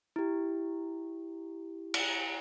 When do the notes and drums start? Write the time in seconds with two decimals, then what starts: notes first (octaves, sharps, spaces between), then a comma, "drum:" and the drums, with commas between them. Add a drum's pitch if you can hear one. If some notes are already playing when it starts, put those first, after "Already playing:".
0.16 E4 G4
1.94 drum: cymbal